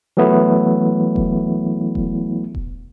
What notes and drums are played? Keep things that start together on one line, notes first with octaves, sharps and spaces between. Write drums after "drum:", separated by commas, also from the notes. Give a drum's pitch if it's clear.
E3 F#3 A3 B3 E4
drum: kick E1
drum: kick E1
drum: kick E1